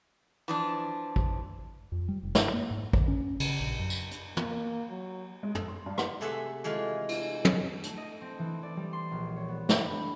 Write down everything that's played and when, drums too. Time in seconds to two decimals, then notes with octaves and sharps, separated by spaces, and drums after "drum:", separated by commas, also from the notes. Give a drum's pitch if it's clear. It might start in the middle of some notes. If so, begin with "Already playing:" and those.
0.48 E3 F3 D4
1.16 drum: kick
1.92 F2
2.08 G3
2.23 F1
2.35 G2, drum: snare
2.53 A#3
2.71 G#2
2.93 D3, drum: kick
3.08 C#4
3.40 C#3, drum: cymbal
3.60 A#1
3.79 F#2
3.90 drum: tambourine
4.11 drum: hi-hat
4.37 A#3, drum: tom
4.90 F#3
5.43 G#3
5.55 A4, drum: tom
5.68 C6
5.86 G2
5.98 A#3, drum: rim click
6.21 C3 A3 G#4 A4 E5 F#5
6.64 E3 G#3 A3 F4
7.09 drum: cymbal
7.45 drum: tom
7.83 A3, drum: hi-hat
7.97 D#5
8.21 C4
8.39 E3
8.63 D5
8.77 G3
8.93 C6
9.11 A#1
9.36 C#5
9.48 B3
9.69 D3, drum: snare
9.86 B5